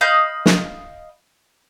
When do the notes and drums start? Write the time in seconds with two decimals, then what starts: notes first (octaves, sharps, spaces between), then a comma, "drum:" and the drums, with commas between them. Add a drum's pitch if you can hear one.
0.01 D#5 F5 B5 G6
0.46 drum: snare